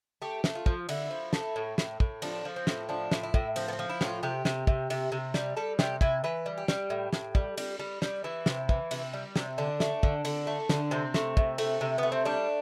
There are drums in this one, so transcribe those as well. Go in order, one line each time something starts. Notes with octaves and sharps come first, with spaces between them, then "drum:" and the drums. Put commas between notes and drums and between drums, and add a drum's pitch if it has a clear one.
A3 G4
A3, drum: snare
F4
F3, drum: kick
D3 E4, drum: cymbal
F3
A3, drum: snare
A2
A2, drum: snare
A2, drum: kick
F3 D4, drum: cymbal
F3
C4
A2, drum: snare
F3 D4
A2, drum: snare
E4
A2, drum: kick
F3 C4, drum: cymbal
B3
C4
F3
E4
A2, drum: snare
F4
C3 G4
C3, drum: snare
C3, drum: kick
C3, drum: cymbal
C3
G3, drum: snare
G3 A4
C3 G4, drum: snare
C3 E4, drum: kick
E3 B4
G3
G4
G3, drum: snare
A2
A2, drum: snare
G3, drum: kick
G3, drum: cymbal
G3
G3, drum: snare
E3 E4
C3, drum: snare
E3, drum: kick
C3, drum: cymbal
G3
C3, drum: snare
D3 D4
A3, drum: snare
D3, drum: kick
D3, drum: cymbal
A3
D3, drum: snare
C3 C4
A3, drum: snare
C3, drum: kick
A3, drum: cymbal
C3
A3 B3
C4
G3 D4